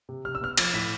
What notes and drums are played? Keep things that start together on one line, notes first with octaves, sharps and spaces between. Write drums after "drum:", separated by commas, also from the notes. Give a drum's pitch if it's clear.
C3
C3 F6
E6
B3 F6
F3 A6, drum: cymbal
A2 B6